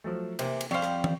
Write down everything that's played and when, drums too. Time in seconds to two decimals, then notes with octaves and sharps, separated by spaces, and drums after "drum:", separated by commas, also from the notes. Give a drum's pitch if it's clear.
0.04 F3 F#3 A3
0.39 C3 E3 A#3 G4 C5, drum: cymbal
0.61 drum: cymbal
0.71 F2 G3 C5 F5 C#6 C7
0.82 drum: rim click
1.04 drum: tom